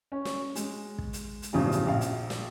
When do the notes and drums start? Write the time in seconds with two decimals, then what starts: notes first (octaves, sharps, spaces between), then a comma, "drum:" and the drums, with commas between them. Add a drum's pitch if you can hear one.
0.12 C#4
0.25 drum: snare
0.55 G#3, drum: hi-hat
0.98 drum: kick
1.13 drum: hi-hat
1.42 drum: hi-hat
1.53 A1 E2 G2 C#3 F3 F#3
1.72 drum: hi-hat
1.86 A#1 F5
2.01 drum: hi-hat
2.30 drum: snare